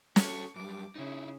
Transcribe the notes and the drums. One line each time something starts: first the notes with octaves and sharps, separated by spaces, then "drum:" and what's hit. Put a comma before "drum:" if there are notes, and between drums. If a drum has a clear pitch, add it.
F#4 A4 C#6, drum: snare
F#2 G3 D6
C#3 D#4 E4